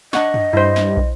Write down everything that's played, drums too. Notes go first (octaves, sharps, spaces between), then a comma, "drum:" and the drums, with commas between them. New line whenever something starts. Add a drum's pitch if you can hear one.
D4 D#5 F#5 C#6, drum: snare
drum: tom
G2 E4 C5
drum: snare
drum: kick